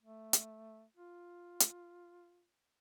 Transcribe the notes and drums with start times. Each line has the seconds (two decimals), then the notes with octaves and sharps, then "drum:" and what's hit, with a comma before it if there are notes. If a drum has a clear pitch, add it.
0.03 A3
0.33 drum: hi-hat
0.97 F4
1.60 drum: hi-hat